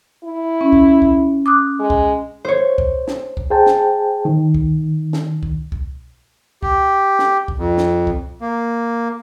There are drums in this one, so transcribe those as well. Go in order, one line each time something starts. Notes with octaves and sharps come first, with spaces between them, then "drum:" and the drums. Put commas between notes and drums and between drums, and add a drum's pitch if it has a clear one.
E4
C#4
drum: kick
drum: kick
D6 D#6 F#6
G#3
drum: kick
C5 C#5
drum: kick
drum: snare
drum: kick
G#4 C5 G5 A5
drum: snare
D#3
drum: kick
drum: snare
drum: kick
drum: kick
G4, drum: kick
drum: snare
drum: kick
F2
drum: snare
drum: kick
A#3